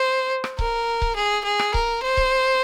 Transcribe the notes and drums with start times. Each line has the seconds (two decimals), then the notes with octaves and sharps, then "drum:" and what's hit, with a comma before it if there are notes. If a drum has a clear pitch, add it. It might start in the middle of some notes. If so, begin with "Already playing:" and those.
Already playing: C5
0.44 drum: rim click
0.59 A#4, drum: kick C#1
1.02 drum: kick C#1
1.16 G#4
1.45 G#4
1.59 drum: rim click
1.74 A#4, drum: kick C#1
2.03 C5
2.17 drum: kick C#1